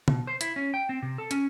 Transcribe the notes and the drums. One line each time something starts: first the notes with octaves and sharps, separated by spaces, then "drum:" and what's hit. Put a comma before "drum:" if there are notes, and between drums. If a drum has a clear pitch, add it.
B2, drum: tom
C5
E4, drum: hi-hat
C#4
G5
C4
C3
A4
C#4, drum: hi-hat